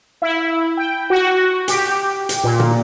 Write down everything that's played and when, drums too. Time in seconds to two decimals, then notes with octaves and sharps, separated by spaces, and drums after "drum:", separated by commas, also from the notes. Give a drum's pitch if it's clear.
0.22 E4
0.77 G5
1.10 F#4
1.68 G4, drum: hi-hat
2.29 drum: hi-hat
2.44 A#2
2.60 drum: tom A#2